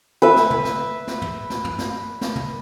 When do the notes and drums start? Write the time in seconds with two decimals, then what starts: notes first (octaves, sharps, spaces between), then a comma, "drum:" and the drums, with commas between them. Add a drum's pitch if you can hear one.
0.22 B4 E5
0.36 drum: snare
0.50 drum: tom
0.65 drum: snare
1.07 drum: snare
1.22 drum: tom
1.50 drum: snare
1.64 drum: tom
1.79 drum: snare
2.21 drum: snare
2.36 drum: tom